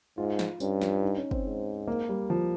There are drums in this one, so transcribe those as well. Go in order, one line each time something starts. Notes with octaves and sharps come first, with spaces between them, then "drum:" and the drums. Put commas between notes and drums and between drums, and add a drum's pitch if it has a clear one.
G#2 F4
drum: snare
G2 C#4, drum: tambourine
F4, drum: snare
D#4
C#4
C4, drum: kick
G#2
A#3
G3
F3